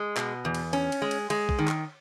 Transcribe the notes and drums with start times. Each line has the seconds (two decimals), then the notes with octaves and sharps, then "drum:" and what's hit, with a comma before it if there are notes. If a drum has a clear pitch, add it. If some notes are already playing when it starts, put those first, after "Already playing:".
Already playing: G#3
0.17 B2, drum: clap
0.45 E2
0.55 drum: cymbal
0.73 C#4, drum: cymbal
0.92 drum: cymbal
1.02 G#3
1.11 drum: cymbal
1.30 G#3, drum: cymbal
1.49 drum: kick
1.59 D#3
1.68 drum: clap